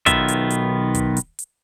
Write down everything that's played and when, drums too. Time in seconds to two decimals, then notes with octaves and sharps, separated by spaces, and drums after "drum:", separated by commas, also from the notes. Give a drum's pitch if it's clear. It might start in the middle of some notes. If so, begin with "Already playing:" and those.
0.06 B1 D#3 B3 F4 E5, drum: kick, hi-hat
0.28 drum: hi-hat
0.50 drum: hi-hat
0.94 drum: kick, hi-hat
1.17 drum: hi-hat
1.39 drum: hi-hat